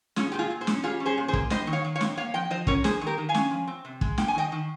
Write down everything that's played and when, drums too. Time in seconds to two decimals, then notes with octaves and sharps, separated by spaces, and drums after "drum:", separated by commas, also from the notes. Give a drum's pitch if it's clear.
0.16 G#3 C#4 F4, drum: snare
0.32 A#2 G4
0.39 F4 G#4
0.50 A#2
0.61 G#4 C5
0.67 C#4, drum: snare
0.83 G3 F4 G#4
1.00 C#4
1.05 G#4 C5
1.17 A#2
1.28 G#4 C5
1.33 A#3, drum: kick
1.50 G3 C5 D#5, drum: snare
1.67 D#3
1.73 C#5 F5
1.84 D#3
1.95 C#5 F5
2.01 C4, drum: snare
2.17 A#3 C#5 F5
2.34 F3 D#5 G5
2.50 F3 C5 D#5
2.67 C#4 A#4 C#5, drum: kick
2.84 A#3 G#4 C5, drum: snare
3.01 D#3
3.06 G4 A#4
3.18 D#3
3.29 F5 G#5
3.34 C#4, drum: snare
3.51 F3
3.67 C4
3.85 C3
4.01 G#3, drum: kick
4.18 A#3 G5, drum: snare
4.28 G#5
4.35 D#3 D#5 G5
4.52 D#3